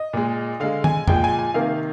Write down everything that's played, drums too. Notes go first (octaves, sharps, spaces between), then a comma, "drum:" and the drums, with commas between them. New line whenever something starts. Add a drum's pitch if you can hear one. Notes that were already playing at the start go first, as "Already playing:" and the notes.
Already playing: D#5
A#2 G#3
D3 G#3 F5
G#5, drum: tom
A#2 F3 G#3 G5, drum: tom
G#5
G#5
C3 D#3 A#3 F5